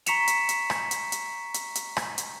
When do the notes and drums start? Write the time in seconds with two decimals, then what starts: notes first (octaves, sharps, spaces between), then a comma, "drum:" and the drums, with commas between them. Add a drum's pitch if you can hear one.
0.06 A#5 C#6 B6 C#7 E7 F7, drum: hi-hat
0.28 drum: hi-hat
0.49 drum: hi-hat
0.70 drum: rim click
0.91 drum: hi-hat
1.12 drum: hi-hat
1.54 drum: hi-hat
1.75 drum: hi-hat
1.97 drum: rim click
2.18 drum: hi-hat